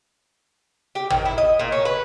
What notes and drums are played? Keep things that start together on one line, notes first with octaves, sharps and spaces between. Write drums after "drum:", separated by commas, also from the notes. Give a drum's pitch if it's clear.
G4
D#3, drum: tom G#1
E4
D#5
A#2
C#4
B4